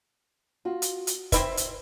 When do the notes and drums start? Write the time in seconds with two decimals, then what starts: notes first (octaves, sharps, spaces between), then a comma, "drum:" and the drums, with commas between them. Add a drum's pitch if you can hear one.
0.65 F4 F#4
0.82 drum: hi-hat
1.07 drum: hi-hat
1.32 C4 E4 B4 C5 E5, drum: kick, hi-hat
1.57 drum: hi-hat